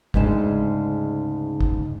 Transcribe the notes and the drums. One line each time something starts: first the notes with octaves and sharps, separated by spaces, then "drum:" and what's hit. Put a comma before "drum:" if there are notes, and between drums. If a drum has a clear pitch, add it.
D2 G#2 C#3 A5, drum: kick
drum: kick